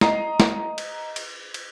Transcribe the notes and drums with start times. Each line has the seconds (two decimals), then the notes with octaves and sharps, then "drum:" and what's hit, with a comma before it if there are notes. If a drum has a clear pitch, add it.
0.01 D#5 A#5 C7, drum: snare
0.40 drum: snare
0.78 drum: cymbal
1.16 drum: cymbal
1.54 drum: cymbal